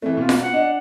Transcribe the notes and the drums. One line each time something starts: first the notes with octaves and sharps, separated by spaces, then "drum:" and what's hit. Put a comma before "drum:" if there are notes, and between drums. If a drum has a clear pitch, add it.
E3 A3 C4
B2 F4
drum: snare F4
F#5
D4 D#5